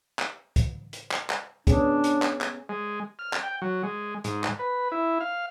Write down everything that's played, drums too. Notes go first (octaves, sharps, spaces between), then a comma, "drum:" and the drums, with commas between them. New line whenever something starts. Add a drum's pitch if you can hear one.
drum: clap
drum: kick, hi-hat
drum: hi-hat
drum: clap
drum: clap
B3 C#4 D4 G#4, drum: kick, hi-hat
drum: hi-hat
drum: clap
drum: clap
G#3
F6
drum: clap
G5
F#3
G#3
G#2, drum: hi-hat
drum: clap
B4
E4
F5